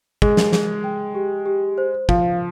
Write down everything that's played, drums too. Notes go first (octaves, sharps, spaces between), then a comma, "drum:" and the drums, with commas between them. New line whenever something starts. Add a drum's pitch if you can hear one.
G#3 G#4, drum: kick
drum: snare
G#4, drum: snare
G5
G4
G4
C5
F3 F5, drum: kick